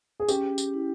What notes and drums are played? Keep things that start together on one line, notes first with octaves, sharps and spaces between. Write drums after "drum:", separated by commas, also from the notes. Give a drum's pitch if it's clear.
G#4
C#4 G4, drum: tambourine
C#4
G4, drum: tambourine
E4